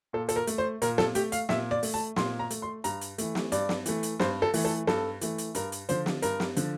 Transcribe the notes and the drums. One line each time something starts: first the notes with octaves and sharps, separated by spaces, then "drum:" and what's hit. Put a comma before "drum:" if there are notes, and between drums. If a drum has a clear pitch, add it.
A#2 A4
A4, drum: hi-hat
A#4
A3, drum: hi-hat
C5
A#2 A#4, drum: hi-hat
A4, drum: snare
A3 G4, drum: hi-hat
F5, drum: hi-hat
A#2 E5, drum: snare
D5
A3, drum: open hi-hat
A5
A#2 C6, drum: snare
A#5
A3, drum: hi-hat
C6
G2 A#5, drum: hi-hat
drum: hi-hat
E3 A3, drum: hi-hat
drum: snare
G2 D5, drum: hi-hat
drum: snare
E3 A3, drum: hi-hat
drum: hi-hat
G2 C5, drum: snare
A4
E3 A3, drum: open hi-hat
A4
G2 A4, drum: snare
E3 A3, drum: hi-hat
drum: hi-hat
G2 A#4, drum: hi-hat
drum: hi-hat
D3 F3 C5, drum: hi-hat
drum: snare
G2 A#4, drum: hi-hat
drum: snare
D3 F3, drum: hi-hat